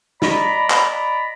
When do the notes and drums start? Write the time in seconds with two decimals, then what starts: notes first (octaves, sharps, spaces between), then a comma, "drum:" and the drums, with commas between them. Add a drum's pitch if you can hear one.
0.22 D5 D#5 A#5 B5, drum: snare
0.70 drum: clap